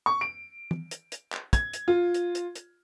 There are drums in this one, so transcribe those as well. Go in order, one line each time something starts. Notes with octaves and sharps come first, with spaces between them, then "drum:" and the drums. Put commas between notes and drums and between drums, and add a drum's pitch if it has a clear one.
C#6
D7
drum: tom
drum: hi-hat
drum: hi-hat
drum: clap
G#6, drum: kick, hi-hat
drum: hi-hat
F4
drum: hi-hat
drum: hi-hat
drum: hi-hat